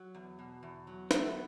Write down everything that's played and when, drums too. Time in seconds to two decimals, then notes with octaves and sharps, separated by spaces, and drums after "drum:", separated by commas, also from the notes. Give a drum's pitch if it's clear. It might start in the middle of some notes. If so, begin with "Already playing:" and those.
Already playing: F#3
0.15 E2
0.39 B2
0.63 E2
0.87 F#3
1.11 E2 B3, drum: snare
1.19 A3
1.27 B3